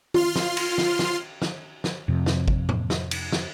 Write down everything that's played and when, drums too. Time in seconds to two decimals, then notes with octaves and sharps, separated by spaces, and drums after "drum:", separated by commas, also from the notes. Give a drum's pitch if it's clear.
0.14 F4 C6 F6, drum: tom
0.36 drum: snare
0.57 drum: cymbal
0.78 drum: snare
0.99 drum: snare
1.42 drum: snare
1.84 drum: snare
2.08 F2 C3
2.26 drum: snare
2.48 drum: kick G#1
2.69 drum: tom A2
2.90 drum: snare
3.11 drum: cymbal
3.32 drum: snare